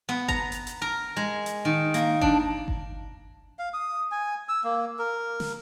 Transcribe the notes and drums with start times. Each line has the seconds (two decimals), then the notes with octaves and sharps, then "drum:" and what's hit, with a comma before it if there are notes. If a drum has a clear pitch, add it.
0.09 B3
0.28 A#5, drum: kick G1
0.52 drum: hi-hat
0.67 drum: hi-hat
0.82 A#4
1.17 G#3
1.46 drum: hi-hat
1.65 D#3
1.94 A#3, drum: hi-hat
2.21 D4, drum: kick G1
2.68 drum: kick G1
3.59 F5
3.74 D#6
4.11 G#5
4.49 E6
4.64 A#3
4.99 A#4
5.40 drum: snare